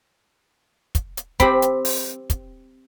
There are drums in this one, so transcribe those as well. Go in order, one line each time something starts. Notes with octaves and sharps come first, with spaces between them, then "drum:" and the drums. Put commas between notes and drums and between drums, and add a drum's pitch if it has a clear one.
drum: kick, hi-hat
drum: hi-hat
C4 G4 B5, drum: kick, hi-hat
drum: hi-hat
drum: open hi-hat
drum: kick, hi-hat